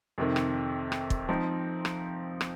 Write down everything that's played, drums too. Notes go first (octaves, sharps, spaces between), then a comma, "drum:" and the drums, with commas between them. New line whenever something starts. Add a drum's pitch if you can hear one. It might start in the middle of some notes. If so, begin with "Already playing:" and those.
F2 C3 D#3
drum: rim click
drum: rim click
drum: kick
F3 C4 D#4
drum: rim click
drum: rim click